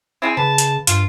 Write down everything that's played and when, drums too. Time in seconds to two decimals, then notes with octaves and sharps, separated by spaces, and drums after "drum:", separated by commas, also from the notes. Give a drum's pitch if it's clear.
0.22 C4 E4 G#4 G#5
0.37 C#3 B4 A5
0.58 drum: hi-hat
0.87 G2 F4, drum: hi-hat